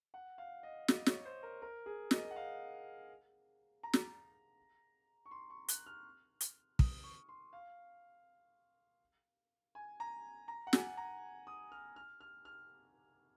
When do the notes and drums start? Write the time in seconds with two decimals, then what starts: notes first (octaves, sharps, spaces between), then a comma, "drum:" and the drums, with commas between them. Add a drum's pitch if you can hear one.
0.14 F#5
0.38 F5
0.63 D#5
0.88 D#5, drum: snare
1.06 C#5, drum: snare
1.25 C5
1.43 A#4
1.62 A#4
1.86 G#4
2.11 D#5, drum: snare
2.31 F#5
2.36 F5
3.83 A#5
3.93 drum: snare
5.26 C#6
5.31 C6
5.50 C#6
5.68 F#6, drum: hi-hat
5.86 F6
6.41 drum: hi-hat
6.79 D#6, drum: kick
7.04 C#6
7.29 C6
7.53 F5
9.75 G#5
10.00 A#5
10.48 A#5
10.67 F#5
10.73 G#5, drum: snare
10.97 A#5
11.47 D#6
11.72 F6
11.96 F6
12.21 F6
12.45 F6